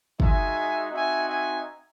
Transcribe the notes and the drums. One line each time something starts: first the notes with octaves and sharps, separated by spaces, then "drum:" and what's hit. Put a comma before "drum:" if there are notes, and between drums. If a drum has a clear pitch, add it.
G#3 D#4 F#4 E5 G#5, drum: kick
C4 D#4 F#4 E5 G#5
E5 G#5